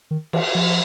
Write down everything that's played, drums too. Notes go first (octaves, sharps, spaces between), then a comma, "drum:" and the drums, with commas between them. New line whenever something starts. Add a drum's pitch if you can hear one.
D#3
E3, drum: cymbal
F3